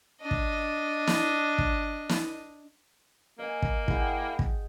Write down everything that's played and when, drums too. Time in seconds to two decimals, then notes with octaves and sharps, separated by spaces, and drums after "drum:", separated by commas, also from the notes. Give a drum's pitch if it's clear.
0.21 D4 D#5
0.31 drum: kick
1.07 drum: snare
1.58 drum: kick
2.09 drum: snare
3.39 A#3 D#5 G#5
3.62 drum: kick
3.88 E4 G#4 F#5 G5, drum: kick
4.39 drum: kick